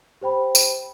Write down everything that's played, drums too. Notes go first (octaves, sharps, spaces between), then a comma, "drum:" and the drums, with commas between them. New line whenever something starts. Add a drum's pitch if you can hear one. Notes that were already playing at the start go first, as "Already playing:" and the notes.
G4 C5 G5 B5
drum: tambourine